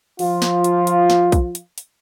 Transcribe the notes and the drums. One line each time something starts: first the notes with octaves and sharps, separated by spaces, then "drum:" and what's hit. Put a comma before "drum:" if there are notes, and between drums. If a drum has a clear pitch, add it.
F3 F4, drum: open hi-hat
drum: snare
drum: hi-hat
drum: hi-hat
drum: snare
drum: kick, hi-hat
drum: hi-hat
drum: hi-hat